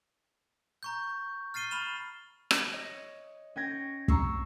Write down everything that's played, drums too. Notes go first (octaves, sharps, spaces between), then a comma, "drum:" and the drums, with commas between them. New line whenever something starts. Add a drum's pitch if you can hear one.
A#5 C#6 G6
F6 A6 C7 D#7 G7
B5 F6 E7 G7
drum: rim click
C#5 D#5
C#4 C#5 G5 G#6 A#6
A#5 C#6 E6 C7, drum: kick